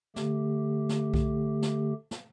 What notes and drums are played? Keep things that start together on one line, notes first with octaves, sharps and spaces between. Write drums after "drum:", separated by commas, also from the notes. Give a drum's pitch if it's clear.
D3 A3 G4, drum: snare
drum: snare
drum: kick B1
drum: snare
drum: snare